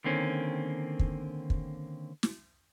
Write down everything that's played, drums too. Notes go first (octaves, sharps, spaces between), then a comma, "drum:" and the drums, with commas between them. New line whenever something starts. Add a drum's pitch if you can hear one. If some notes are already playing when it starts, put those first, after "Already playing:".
D3 D#3 A#3 C4 C#4
drum: kick
drum: kick
drum: snare